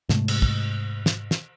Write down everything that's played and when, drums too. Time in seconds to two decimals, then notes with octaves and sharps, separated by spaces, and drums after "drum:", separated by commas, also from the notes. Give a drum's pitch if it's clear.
0.09 G#2 C3 G#3 A3, drum: snare
0.28 drum: cymbal
0.42 drum: kick
1.06 drum: snare
1.31 drum: snare